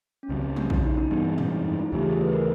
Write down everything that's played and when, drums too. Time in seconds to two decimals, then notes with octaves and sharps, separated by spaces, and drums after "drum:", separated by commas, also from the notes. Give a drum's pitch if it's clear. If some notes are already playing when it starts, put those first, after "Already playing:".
0.23 C#4
0.29 C#2 C#3 F#3 C4
0.42 C#4
0.56 D4, drum: tom
0.70 E4, drum: kick A#1
0.83 D#4
0.97 D4
1.10 G2 E3 G#3 B3
1.25 C4
1.38 C#4, drum: tom
1.51 D#4
1.65 E4
1.79 F4
1.92 D#2 C#3 E3 A3 G4
2.03 G#4
2.13 A4
2.22 B4
2.33 A#4